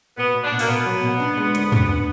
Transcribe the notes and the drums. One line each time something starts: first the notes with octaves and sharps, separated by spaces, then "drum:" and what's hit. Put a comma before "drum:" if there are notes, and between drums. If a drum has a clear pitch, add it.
B2 B3
B2
D4
B2
A#3, drum: open hi-hat
B2 B3
F#3
B2
D4
G#3
D2, drum: hi-hat
D4, drum: tom